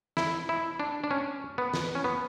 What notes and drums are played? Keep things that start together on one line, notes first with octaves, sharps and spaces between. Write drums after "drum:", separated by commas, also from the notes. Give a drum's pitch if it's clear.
E4, drum: snare
E4
D4
D4
C#4
B3
drum: snare
C#4
B3